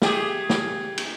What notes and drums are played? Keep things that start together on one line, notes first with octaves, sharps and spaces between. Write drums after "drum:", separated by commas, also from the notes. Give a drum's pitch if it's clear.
A3 G4 G#4, drum: snare
drum: snare
drum: cymbal